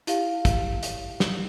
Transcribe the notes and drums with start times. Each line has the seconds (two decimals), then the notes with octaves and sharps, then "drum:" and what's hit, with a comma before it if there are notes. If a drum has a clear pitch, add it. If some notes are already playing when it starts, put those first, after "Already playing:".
0.07 E4 G4 F5, drum: hi-hat
0.45 drum: kick, hi-hat
0.83 drum: hi-hat
1.20 drum: snare